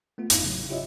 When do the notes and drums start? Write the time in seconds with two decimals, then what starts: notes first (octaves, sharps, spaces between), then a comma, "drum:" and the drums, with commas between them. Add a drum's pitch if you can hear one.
0.18 A3 B3 F4
0.30 G1 F2 G#2 D#4 E4 F5, drum: hi-hat
0.44 C#3 F#3
0.69 E4 F4 G4 C#5 D#5 E5